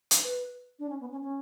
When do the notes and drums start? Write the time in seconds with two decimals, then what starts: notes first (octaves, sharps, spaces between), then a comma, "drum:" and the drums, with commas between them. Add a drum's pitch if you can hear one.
0.11 drum: hi-hat
0.24 B4
0.79 D4
0.90 C#4
1.00 B3
1.11 C#4
1.22 C#4